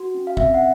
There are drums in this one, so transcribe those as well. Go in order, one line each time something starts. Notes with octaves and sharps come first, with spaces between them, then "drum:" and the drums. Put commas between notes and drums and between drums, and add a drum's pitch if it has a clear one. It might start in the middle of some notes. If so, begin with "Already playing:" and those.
Already playing: F#4
C#4
F5
C4 E5, drum: kick
F#5